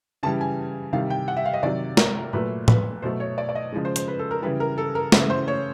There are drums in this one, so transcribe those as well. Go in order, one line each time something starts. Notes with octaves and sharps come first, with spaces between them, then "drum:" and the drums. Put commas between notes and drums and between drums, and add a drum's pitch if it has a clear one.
C#3 E3 G3 A5
G#5
C3 D#3 G3 F5
G5
F#5
E5
F5
D#5
C3 D#3 F#3 D5
A#4, drum: snare
A#2 F#3 A3 B4
B4, drum: tom A2
B2 F#3 A3 C5
C#5
D5
D5
D#5
C#3 F3 G#3
C5
C5, drum: hi-hat
B4
A4
A#4
C#3 E3 G3 B4
A#4
A4
A#4
C#3 E3 A3 B4, drum: snare
C5
C#5